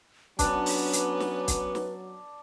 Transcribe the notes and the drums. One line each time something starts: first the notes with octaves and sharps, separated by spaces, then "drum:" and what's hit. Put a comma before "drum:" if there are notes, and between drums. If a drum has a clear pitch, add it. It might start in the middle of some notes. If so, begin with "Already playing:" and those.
F#3 B3 C#4 D4 B4, drum: kick, hi-hat
drum: open hi-hat
drum: hi-hat
drum: snare
drum: kick, hi-hat
drum: snare